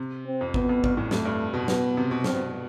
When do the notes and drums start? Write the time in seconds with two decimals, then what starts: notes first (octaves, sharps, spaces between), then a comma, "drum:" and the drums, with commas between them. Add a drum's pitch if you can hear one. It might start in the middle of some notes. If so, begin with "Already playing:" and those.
Already playing: C3
0.26 C4
0.41 F2
0.54 F2 B3, drum: kick G#1
0.69 F2
0.84 G2, drum: kick G#1
0.97 A2
1.11 F2 A3, drum: snare
1.25 G2
1.54 B2
1.68 B3, drum: snare
1.97 C3
2.11 B2
2.24 G2 C4, drum: snare
2.34 B2